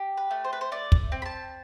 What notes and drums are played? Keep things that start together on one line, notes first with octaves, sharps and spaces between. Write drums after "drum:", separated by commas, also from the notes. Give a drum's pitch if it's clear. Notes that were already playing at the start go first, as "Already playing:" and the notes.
Already playing: G4
B4
A3
C5
B4
C5
A3 D5
drum: kick
C4
B5
A5